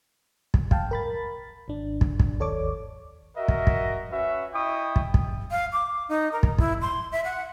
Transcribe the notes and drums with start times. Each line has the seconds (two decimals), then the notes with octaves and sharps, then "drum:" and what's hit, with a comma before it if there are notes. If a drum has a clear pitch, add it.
0.54 drum: kick
0.71 F5 G5 A5, drum: kick
0.91 A#4 B5 A6
1.68 G#1 D4
2.01 drum: kick
2.20 drum: kick
2.39 G#1 D#2 A4 C#5 D5 D6
3.37 F#4 A#4 D#5 E5
3.48 drum: kick
3.67 drum: kick
4.11 C#4 F#4 B4 E5
4.53 E4 D#5 G5 C#6 D#6
4.96 drum: kick
5.14 drum: kick
5.51 F5
5.73 D6
6.09 D#4
6.32 A#4
6.43 drum: kick
6.58 E4, drum: kick
6.81 C6
7.12 E5
7.24 F#5